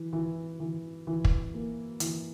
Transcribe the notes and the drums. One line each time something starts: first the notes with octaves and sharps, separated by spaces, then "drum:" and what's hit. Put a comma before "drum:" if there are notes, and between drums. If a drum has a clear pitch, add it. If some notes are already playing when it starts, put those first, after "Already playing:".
Already playing: E3
E3
E3
E3
drum: kick
A#3
E3, drum: hi-hat